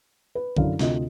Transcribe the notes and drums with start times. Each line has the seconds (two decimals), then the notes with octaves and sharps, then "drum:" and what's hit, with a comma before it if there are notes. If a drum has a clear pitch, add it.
0.35 B4
0.57 F#2 D3 E4 F5, drum: kick
0.79 D2 C3 F4 D#5, drum: snare